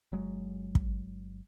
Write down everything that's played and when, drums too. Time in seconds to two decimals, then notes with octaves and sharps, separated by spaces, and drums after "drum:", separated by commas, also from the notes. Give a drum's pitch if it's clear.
0.12 G1 F#3 G#3
0.75 drum: kick